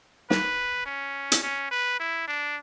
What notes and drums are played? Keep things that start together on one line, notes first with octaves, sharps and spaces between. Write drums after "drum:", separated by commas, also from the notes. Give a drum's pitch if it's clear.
B4, drum: snare
C#4
drum: hi-hat
C#4
B4
E4
D4